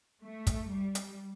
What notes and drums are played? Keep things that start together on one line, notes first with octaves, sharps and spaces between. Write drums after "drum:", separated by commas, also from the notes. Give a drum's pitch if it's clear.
A3
drum: kick, hi-hat
G3
drum: hi-hat